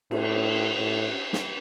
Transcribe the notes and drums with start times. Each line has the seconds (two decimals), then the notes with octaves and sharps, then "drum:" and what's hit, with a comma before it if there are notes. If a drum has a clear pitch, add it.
0.11 A2, drum: cymbal
0.77 A2
1.33 drum: snare